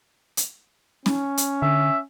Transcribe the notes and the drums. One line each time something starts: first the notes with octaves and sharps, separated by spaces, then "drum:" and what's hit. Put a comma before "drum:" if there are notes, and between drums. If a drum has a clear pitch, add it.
drum: hi-hat
C#4, drum: snare C#4
drum: hi-hat
D3 E5